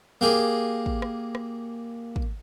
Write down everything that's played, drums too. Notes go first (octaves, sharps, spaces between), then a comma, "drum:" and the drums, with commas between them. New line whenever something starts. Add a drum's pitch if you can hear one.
A#3 G4 G#4
drum: kick
drum: rim click
drum: rim click
drum: kick